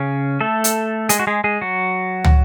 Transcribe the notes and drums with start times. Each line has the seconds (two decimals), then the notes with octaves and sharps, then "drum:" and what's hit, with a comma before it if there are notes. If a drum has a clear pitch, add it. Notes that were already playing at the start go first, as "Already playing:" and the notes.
Already playing: C#3 C#4
0.41 A3 A4
0.64 drum: hi-hat
1.09 G#3 G#4, drum: hi-hat
1.19 F#4
1.27 G#3 G#4
1.44 G#3 G#4
1.61 F#3 F#4
2.24 drum: tom